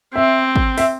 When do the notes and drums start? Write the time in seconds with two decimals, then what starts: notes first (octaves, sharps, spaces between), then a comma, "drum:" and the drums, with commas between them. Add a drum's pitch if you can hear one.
0.15 C4 E5
0.56 drum: kick
0.78 E5, drum: open hi-hat